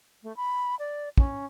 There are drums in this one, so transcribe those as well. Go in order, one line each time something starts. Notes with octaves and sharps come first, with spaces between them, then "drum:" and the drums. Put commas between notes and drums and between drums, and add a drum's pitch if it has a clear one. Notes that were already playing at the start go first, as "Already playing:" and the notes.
A3
B5
D5
C#4, drum: kick